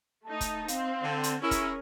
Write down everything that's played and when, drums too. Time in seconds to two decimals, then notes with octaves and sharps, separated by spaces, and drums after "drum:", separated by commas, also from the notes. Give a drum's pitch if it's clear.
0.25 A3 D#4 A5
0.41 drum: kick, hi-hat
0.68 C4 F5, drum: hi-hat
1.02 D3
1.23 drum: hi-hat
1.42 C#4 E4 G#4 A#4 C#5
1.51 drum: kick, hi-hat